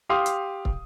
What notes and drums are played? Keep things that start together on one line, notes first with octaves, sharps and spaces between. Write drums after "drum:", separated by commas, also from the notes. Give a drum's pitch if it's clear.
G4 F5 C6 D#6
drum: hi-hat
drum: kick